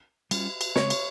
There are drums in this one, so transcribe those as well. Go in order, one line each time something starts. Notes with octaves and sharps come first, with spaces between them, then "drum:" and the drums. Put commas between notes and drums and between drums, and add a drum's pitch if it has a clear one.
G3 C#4 F4, drum: cymbal
drum: cymbal
C#3 G#3 C4 C#5, drum: snare
drum: cymbal